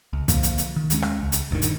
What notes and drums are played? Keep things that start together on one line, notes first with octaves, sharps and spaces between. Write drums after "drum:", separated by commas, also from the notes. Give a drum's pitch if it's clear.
C#2
D3 F3 A#3, drum: kick, hi-hat
drum: hi-hat
drum: hi-hat
D#3
D#2 G#3 C#4, drum: hi-hat
drum: rim click
C#2
drum: hi-hat
D#1 D2 G2 D#3
drum: hi-hat